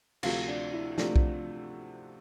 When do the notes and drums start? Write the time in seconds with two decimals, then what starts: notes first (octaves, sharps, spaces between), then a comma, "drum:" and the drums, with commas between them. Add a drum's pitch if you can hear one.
0.23 D2 C3 F3 A3 F4, drum: cymbal
0.48 D4
0.73 E4
0.98 C3 F3 A3 D4, drum: snare
1.16 drum: kick B1